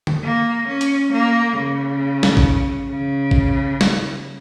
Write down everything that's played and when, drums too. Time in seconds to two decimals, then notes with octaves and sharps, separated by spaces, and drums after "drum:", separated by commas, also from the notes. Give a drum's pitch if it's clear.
0.07 drum: tom D3
0.24 A#3
0.68 C#4
0.81 drum: hi-hat
1.12 A#3
1.56 C#3
2.23 drum: snare
2.37 drum: kick
2.89 C#3
3.31 drum: kick
3.81 drum: snare